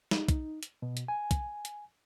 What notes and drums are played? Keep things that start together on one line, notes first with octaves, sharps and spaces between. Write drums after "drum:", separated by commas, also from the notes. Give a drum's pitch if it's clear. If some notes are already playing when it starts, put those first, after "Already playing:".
D#4, drum: snare
drum: kick, hi-hat
drum: hi-hat
B2
drum: hi-hat
G#5
drum: kick, hi-hat
drum: hi-hat